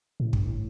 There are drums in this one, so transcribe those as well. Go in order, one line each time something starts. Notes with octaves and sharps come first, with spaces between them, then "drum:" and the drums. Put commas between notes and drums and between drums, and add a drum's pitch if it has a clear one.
A2
G2, drum: kick
A2